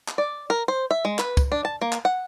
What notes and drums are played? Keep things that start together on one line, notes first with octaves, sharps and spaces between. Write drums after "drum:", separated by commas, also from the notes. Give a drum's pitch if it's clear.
drum: clap
D5
A#4
C5
E5
G#3
B4, drum: clap
drum: kick, tambourine
D4
A5
A#3
drum: clap
F#5